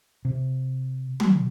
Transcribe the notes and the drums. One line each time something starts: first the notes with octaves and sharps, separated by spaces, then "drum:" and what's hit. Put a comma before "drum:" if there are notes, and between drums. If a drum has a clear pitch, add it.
C3
drum: tom